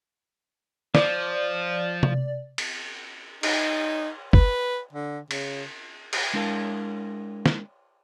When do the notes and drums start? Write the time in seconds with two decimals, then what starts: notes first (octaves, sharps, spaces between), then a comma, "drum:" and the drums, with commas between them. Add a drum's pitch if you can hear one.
0.95 F3 D5, drum: snare
2.03 drum: tom C3
2.58 drum: cymbal
3.43 D#4, drum: cymbal
4.33 B4, drum: kick G1
4.93 D3
5.31 C#3, drum: cymbal
6.13 drum: cymbal
6.33 G#3 D4 E4 A#4 F5 A5
7.46 drum: snare